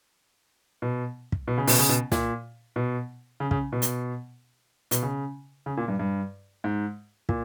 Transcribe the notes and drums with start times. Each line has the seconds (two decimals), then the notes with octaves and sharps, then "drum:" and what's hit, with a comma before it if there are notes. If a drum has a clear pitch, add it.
0.82 B2
1.32 drum: kick
1.48 B2
1.58 C#3
1.67 B2, drum: open hi-hat
1.78 C#3
1.89 B2
2.12 A#2, drum: snare
2.76 B2
3.40 C#3
3.51 C#3, drum: kick
3.72 B2
3.82 drum: hi-hat
4.91 B2, drum: hi-hat
5.03 C#3
5.66 C#3
5.77 A#2
5.88 G2
5.99 G2
6.64 G#2
7.29 A#2, drum: kick